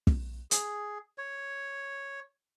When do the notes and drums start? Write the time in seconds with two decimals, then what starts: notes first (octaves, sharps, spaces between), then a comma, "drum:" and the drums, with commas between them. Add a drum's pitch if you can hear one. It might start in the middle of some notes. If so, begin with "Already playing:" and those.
0.07 drum: kick
0.51 G#4, drum: hi-hat
1.18 C#5